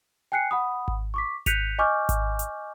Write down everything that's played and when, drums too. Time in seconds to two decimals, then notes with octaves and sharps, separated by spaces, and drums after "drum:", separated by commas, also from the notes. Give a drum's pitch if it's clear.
0.32 G5 G#5 F#6 C7 C#7
0.51 F#5 B5 D#6
0.88 drum: kick G#1
1.14 C#6 D6 B6
1.46 F#6 G6 B6 C#7 D#7 F7, drum: kick G#1, hi-hat
1.79 D#5 G#5 C#6 D6 F6 G6
2.09 drum: kick G#1, hi-hat
2.39 drum: hi-hat